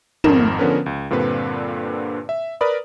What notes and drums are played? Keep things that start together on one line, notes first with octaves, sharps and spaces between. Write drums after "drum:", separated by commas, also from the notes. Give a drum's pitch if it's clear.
G#1 F2 G#2 A#4 E7, drum: tom
D3 F3 B3 C#4 A#4 B4
C#2
G2 A#2 D3 C4 B4
E5
A#4 B4 D5 B5 D#6